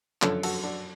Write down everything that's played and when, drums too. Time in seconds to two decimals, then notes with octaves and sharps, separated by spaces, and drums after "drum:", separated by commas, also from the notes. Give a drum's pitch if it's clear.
0.22 F#2 D3 F3 A4 C#5, drum: clap
0.43 F#4 A4, drum: cymbal
0.64 D4 F#4